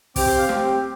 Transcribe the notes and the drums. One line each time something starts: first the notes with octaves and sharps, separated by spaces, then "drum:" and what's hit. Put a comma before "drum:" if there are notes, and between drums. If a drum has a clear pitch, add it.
C4 G4 D6, drum: kick, open hi-hat
C6
F5
C4 G4, drum: snare